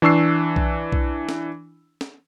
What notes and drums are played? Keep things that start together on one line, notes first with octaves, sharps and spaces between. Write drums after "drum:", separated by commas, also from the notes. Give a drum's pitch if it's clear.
E3 D4 C#6 E6 C7
drum: kick B1
drum: kick B1
drum: snare
drum: snare